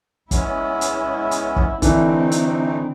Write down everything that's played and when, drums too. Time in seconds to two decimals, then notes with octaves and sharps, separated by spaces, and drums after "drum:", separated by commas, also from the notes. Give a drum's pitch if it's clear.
0.31 G#3 B3 C#4 E4, drum: kick, hi-hat
0.81 drum: hi-hat
1.31 drum: hi-hat
1.56 drum: kick
1.82 D3 E3 A3 C4 D4 D#4, drum: kick, hi-hat
2.32 drum: hi-hat